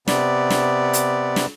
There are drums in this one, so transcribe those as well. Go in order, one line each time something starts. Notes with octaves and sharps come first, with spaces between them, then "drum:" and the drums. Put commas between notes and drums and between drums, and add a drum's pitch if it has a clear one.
C3 B3 D5, drum: snare
drum: snare
drum: hi-hat
drum: snare